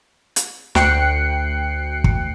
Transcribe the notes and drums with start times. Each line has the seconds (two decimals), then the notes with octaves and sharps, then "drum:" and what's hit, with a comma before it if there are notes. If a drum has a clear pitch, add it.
0.36 drum: hi-hat
0.75 D2 G5 F#6 C7 C#7, drum: snare
2.04 drum: kick